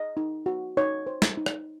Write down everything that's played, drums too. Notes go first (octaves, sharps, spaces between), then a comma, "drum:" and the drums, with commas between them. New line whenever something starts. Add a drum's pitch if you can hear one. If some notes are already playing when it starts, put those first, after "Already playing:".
Already playing: D#5
D#4
F#4
D#4 C#5
C5
drum: snare
D#4
drum: rim click